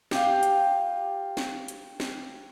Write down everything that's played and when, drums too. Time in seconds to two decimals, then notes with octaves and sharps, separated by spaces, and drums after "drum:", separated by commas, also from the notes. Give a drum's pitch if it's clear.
0.11 F4 G4, drum: snare
0.43 drum: hi-hat
1.37 drum: snare
1.68 drum: hi-hat
2.00 drum: snare